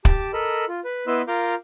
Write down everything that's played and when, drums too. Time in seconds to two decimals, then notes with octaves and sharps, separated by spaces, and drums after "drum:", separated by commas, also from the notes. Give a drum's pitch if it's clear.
0.05 G4 A5 D6, drum: kick
0.33 A4 A#4 D#5 B5 E6
0.68 F4
0.84 B4
1.07 B3 E4 B4 D#5 C6 E6
1.28 F4 A#4 F5 A#5 D6 G6